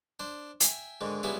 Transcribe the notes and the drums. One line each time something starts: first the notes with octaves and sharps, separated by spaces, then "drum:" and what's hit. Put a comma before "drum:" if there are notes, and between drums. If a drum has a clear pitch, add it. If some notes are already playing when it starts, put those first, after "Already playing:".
D4 C5
E5 G5 G#5, drum: hi-hat
G#2 D3 D#3
C#2 G3 B3 E4 E5 G#5